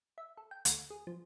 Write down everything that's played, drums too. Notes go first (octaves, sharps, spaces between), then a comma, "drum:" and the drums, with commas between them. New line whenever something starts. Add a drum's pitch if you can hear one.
E5
A4
G5
D2, drum: hi-hat
G#4
F3